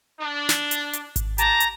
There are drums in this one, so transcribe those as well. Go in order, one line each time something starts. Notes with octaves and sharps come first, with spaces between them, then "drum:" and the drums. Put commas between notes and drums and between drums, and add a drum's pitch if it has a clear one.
D4
drum: snare
drum: hi-hat
drum: hi-hat
drum: kick G#1, hi-hat
G4 A5 A#5, drum: hi-hat
drum: hi-hat